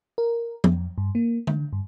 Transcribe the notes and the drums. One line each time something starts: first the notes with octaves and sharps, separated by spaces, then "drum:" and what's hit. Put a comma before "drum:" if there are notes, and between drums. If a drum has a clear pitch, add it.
A#4
F2, drum: tom
G2
A#3
D3, drum: tom D3
G2